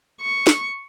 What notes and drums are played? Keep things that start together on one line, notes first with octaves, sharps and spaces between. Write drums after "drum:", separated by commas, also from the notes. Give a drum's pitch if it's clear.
C#6
drum: snare